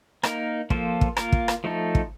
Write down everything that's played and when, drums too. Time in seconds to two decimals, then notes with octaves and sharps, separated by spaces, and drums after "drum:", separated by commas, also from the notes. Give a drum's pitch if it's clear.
0.23 A#3 D#4 A#4, drum: rim click
0.70 F3 A#3 F4 A4 C5, drum: kick
1.01 drum: kick
1.17 A#3 F4 A#4, drum: rim click
1.32 drum: kick
1.48 drum: rim click
1.64 F3 A3 D#4 A4
1.95 drum: kick